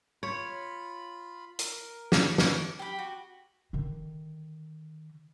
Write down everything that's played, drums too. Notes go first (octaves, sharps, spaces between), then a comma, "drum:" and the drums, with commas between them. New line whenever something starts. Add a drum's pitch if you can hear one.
F4 C#5 B5
A#4, drum: hi-hat
drum: snare
D6, drum: snare
G4 B5
F#4
D3 D#3